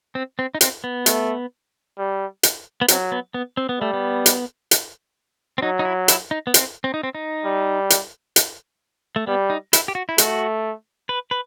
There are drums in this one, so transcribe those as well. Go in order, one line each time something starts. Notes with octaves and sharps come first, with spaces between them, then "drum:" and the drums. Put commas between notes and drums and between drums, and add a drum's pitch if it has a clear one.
C4
C4
D#4
C4, drum: hi-hat
B3
A3, drum: hi-hat
G3
drum: hi-hat
B3
F#3 C4, drum: hi-hat
B3
B3
C4
B3
G3 A3
B3
drum: hi-hat
drum: hi-hat
C4
F#3 D#4
D#4
E4
E4, drum: hi-hat
D#4
B3
C4, drum: hi-hat
C4
D#4
C4
D#4
G3
drum: hi-hat
drum: hi-hat
A3
G3 B3
D#4
E4, drum: hi-hat
G4
F#4
E4
A3 F#4, drum: hi-hat
B4
B4